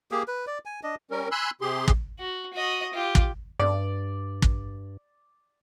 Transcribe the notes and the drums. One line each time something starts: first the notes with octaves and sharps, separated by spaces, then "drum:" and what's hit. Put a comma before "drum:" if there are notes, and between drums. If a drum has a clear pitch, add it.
A#3 G4 G#4
B4
D5
G#5
D4 D#5
G3 C#4 A#4
G#5 B5 C6 E6 F#6
C3 G4 G#4 C6
drum: kick
F#4
F#4 D#5
F4 G4
drum: kick
G2 D5
drum: kick